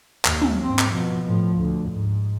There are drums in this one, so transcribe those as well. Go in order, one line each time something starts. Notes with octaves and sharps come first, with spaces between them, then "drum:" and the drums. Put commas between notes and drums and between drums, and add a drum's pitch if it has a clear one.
D#2, drum: clap
drum: tom
G#2 C4
drum: clap
B2 F3
A2 F3
D2
G#2